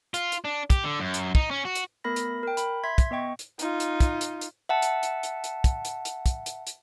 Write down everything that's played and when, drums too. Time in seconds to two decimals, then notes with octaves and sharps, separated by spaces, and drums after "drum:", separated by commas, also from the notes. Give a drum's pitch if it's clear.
0.14 F4, drum: hi-hat
0.32 drum: hi-hat
0.45 D4
0.70 G4, drum: kick, hi-hat
0.84 D3
1.00 F#2
1.14 drum: hi-hat
1.35 D#4, drum: kick
1.51 C#4
1.65 F#4
1.75 drum: hi-hat
2.04 A3 B3 A#4 B5 A#6
2.16 drum: hi-hat
2.43 A#4 G5
2.57 B5, drum: hi-hat
2.84 E5 C6 G#6 B6
2.98 drum: kick, hi-hat
3.11 B3 D#5 G5 C#6
3.39 drum: hi-hat
3.59 D#4 F4, drum: hi-hat
3.80 drum: hi-hat
4.00 drum: kick, hi-hat
4.21 drum: hi-hat
4.41 drum: hi-hat
4.69 E5 F#5 A5
4.82 drum: hi-hat
5.03 drum: hi-hat
5.23 drum: hi-hat
5.44 drum: hi-hat
5.64 drum: kick, hi-hat
5.85 drum: hi-hat
6.05 drum: hi-hat
6.26 drum: kick, hi-hat
6.46 drum: hi-hat
6.67 drum: hi-hat